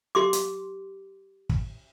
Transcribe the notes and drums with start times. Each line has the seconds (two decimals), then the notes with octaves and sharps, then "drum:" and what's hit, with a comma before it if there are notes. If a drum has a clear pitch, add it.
0.15 G4 C6 D6
0.33 drum: hi-hat
1.49 drum: kick